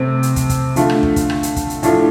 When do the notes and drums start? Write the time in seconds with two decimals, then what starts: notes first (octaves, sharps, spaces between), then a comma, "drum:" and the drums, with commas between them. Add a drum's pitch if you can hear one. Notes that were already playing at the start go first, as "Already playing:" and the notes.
Already playing: C3 A3 C4
0.23 drum: hi-hat
0.36 drum: kick, hi-hat
0.49 drum: kick, hi-hat
0.76 D3 A3 F4, drum: hi-hat
0.90 drum: rim click
1.03 drum: kick
1.16 drum: kick, hi-hat
1.30 drum: rim click
1.43 drum: hi-hat
1.56 drum: kick, hi-hat
1.70 drum: hi-hat
1.83 A2 F3 A3 D4 F4, drum: hi-hat